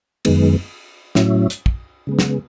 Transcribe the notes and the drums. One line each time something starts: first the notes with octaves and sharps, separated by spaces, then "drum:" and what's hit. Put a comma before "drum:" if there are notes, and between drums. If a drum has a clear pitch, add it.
F#2 D#3 G#3 B3, drum: cymbal
A2 F#3 C#4 E4, drum: snare
drum: hi-hat
drum: kick
C#3 G#3 B3
drum: snare